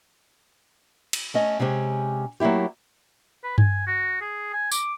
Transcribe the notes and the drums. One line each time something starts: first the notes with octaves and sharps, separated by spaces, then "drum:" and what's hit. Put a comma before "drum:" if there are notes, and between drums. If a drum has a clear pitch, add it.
drum: cymbal
A3 C#4 D#5
C3 G#3 C#4 G4
F#3 A3 A#3 E4 G4
B4
G#5, drum: tom G2
F#4
G#4
G#5
D6, drum: tambourine